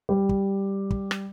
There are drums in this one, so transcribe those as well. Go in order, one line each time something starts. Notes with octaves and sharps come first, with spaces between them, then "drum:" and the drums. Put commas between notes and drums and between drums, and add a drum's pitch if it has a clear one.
G3
drum: kick
drum: kick
drum: rim click